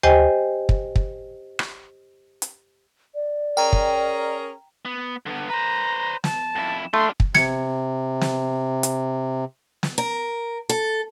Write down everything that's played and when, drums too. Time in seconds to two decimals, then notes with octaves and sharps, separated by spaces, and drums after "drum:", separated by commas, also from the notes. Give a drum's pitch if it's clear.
0.03 G4 C5 D#5 G5 G#5, drum: tom D2
0.69 drum: kick
0.96 drum: kick
1.59 drum: rim click
2.42 drum: hi-hat
3.15 D5
3.57 C#4 G#4 A#4 G5 A#5
3.73 drum: kick
4.85 B3
5.26 D3 B3
5.49 B4 C5 A#5
6.24 A5, drum: snare
6.56 F2 E4
6.94 A3 D4 F4 C6
7.20 drum: kick
7.35 C3 G#6 C#7, drum: snare
8.21 drum: snare
8.83 drum: hi-hat
9.83 drum: snare
9.98 A#4
10.69 A4